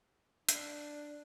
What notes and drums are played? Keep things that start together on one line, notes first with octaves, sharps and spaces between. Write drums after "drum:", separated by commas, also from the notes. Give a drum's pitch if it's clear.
D4, drum: hi-hat